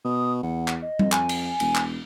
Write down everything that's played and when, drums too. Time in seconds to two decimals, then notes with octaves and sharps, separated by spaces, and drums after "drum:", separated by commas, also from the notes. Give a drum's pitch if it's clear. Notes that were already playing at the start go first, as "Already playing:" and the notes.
0.05 B2 D#6
0.43 E2 F#5
0.68 drum: clap
0.82 D#5
0.99 F2, drum: tom G3
1.12 G#5, drum: clap
1.29 drum: cymbal
1.60 E1, drum: cymbal
1.75 drum: clap